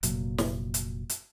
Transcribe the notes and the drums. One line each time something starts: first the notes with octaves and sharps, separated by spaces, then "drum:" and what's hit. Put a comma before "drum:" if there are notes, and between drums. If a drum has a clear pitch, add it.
F1 A#2 F#3, drum: hi-hat
drum: snare
drum: hi-hat
drum: hi-hat